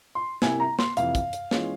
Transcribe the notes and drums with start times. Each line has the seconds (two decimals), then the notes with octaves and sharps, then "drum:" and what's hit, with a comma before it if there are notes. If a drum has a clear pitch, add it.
0.15 C6
0.42 C3 G3 A#3 E4 G#5, drum: snare
0.60 A#5
0.79 C6, drum: snare
0.97 F2 C3 E3 F5, drum: hi-hat
1.15 drum: kick, hi-hat
1.33 drum: hi-hat
1.51 E3 G#3 C#4 F4, drum: snare